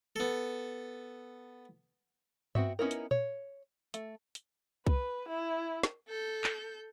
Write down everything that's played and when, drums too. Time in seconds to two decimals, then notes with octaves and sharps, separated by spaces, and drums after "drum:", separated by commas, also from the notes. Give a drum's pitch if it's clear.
0.16 B3 A4
2.55 B3 C4 F#4 E5, drum: tom G2
2.79 B3 C#4 D#4 E4 A#4
2.91 drum: hi-hat
3.11 C#5, drum: tom A#2
3.94 A3, drum: hi-hat
4.35 drum: hi-hat
4.87 B4, drum: kick C2
5.29 E4
5.83 drum: snare
6.08 A4 G6
6.44 drum: clap